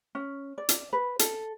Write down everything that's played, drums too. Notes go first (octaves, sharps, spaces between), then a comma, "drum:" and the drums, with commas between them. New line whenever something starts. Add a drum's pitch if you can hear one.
C#4
D5
drum: hi-hat
B4
A4, drum: hi-hat